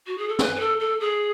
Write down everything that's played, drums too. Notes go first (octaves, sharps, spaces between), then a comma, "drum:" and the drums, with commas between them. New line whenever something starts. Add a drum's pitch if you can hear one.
F#4
G#4
A4
B4, drum: snare
B4
A4
A4
G#4